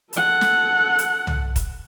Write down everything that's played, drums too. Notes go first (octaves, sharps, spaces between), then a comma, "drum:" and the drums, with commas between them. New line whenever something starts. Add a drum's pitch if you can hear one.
A4 F#5, drum: hi-hat
drum: snare
drum: hi-hat
drum: tom C2
drum: kick, hi-hat